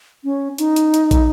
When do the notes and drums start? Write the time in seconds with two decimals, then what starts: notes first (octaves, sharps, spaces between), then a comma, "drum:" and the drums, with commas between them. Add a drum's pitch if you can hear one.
0.24 C#4
0.58 D#4, drum: hi-hat
0.76 drum: hi-hat
0.94 drum: hi-hat
1.11 drum: kick, hi-hat